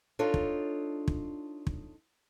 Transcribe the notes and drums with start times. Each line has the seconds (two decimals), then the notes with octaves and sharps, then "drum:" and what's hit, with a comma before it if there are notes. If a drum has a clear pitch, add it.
0.19 D4 D#4 F4 A4 C#5
0.34 drum: kick
1.08 drum: kick
1.67 drum: kick